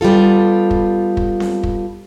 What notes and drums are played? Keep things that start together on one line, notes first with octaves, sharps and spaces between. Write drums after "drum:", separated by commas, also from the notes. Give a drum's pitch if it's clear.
G3 B3 F4 A4
drum: kick
drum: kick
drum: snare C4
drum: kick